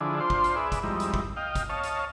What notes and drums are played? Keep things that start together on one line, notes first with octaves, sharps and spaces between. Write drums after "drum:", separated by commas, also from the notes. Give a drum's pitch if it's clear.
D3 F3 D4 E4 G#4
D4 F4 C5 C6
drum: kick
drum: hi-hat
G#4 B4 D5 E5
drum: kick, hi-hat
F2 G#2 G3 D#4 E4
drum: hi-hat
drum: kick
D#5 F5 G5
drum: kick, hi-hat
C#5 D#5 F5 A5
drum: hi-hat